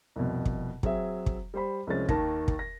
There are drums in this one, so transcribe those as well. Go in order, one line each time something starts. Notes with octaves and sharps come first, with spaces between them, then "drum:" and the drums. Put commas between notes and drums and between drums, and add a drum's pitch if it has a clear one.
C2 F2 B2
drum: kick
F#3 C4 G#4 E5, drum: kick
drum: kick
G3 C5 B5
C2 F3 G#3 C#4 A6
D#2 D#3 A5 A#6, drum: kick
drum: kick
A#6